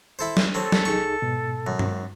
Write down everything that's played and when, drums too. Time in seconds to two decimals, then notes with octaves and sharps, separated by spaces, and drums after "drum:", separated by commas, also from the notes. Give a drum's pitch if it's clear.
0.19 E4 A4 C5
0.37 drum: snare
0.55 C4 C#4 A4
0.72 drum: snare
0.85 C2 D#4 G#4 C#6
1.22 G#2 B2
1.67 F#2
1.79 drum: tom